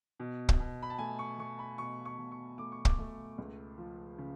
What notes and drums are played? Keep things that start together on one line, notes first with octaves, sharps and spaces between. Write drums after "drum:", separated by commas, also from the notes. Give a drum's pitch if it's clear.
B2
drum: kick
B2
B5
A5
A3 G#5
C#6
A3 C#6
B5
B2 C#6
C#6
B2
C#6
A3 D6
C#6
D6, drum: kick
A3
C#2
F3
C#3